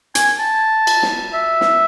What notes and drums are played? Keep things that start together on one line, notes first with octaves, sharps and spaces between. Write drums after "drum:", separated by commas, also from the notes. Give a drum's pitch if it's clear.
G#5, drum: hi-hat
A5
drum: cymbal
drum: snare
E5
drum: snare